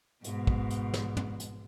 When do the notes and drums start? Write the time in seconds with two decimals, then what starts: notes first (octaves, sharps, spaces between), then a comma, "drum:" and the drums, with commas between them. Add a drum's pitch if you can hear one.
0.24 G#2 B2, drum: hi-hat
0.47 drum: kick
0.70 drum: hi-hat
0.94 drum: snare
1.17 drum: tom
1.40 drum: hi-hat